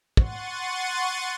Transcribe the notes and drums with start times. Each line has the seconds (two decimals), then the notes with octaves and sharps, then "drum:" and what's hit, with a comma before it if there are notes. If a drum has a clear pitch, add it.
0.17 F#5 C6 C#6 A6 D#7, drum: kick